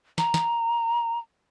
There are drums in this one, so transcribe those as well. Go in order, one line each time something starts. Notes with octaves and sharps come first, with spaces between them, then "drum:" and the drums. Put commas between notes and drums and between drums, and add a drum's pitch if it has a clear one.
A#5, drum: snare
drum: snare